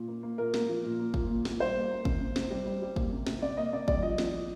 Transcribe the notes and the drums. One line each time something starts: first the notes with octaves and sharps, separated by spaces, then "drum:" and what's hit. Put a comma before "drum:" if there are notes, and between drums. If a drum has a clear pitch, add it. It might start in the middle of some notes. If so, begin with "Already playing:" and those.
Already playing: A#2
A#3
A#3
A#2 A#4
A#3, drum: snare
F3
A#2
A#3
A#2, drum: kick
A#2
A#3, drum: snare
G3 C5
A#3
A#3
C3, drum: kick
C3
C3, drum: snare
G3
G3
G3
A#3, drum: kick
C3
C3, drum: snare
C3 D5
A#3 D#5
C3 D5
G3 D5, drum: kick
F3 D#5
F3, drum: snare
F3